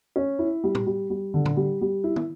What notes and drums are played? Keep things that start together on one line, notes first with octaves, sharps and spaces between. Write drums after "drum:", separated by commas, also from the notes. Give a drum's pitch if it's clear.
C#4
E4
G3
drum: tom A2
G3
G3
D3
drum: tom A2
G3
G3
E4
drum: tom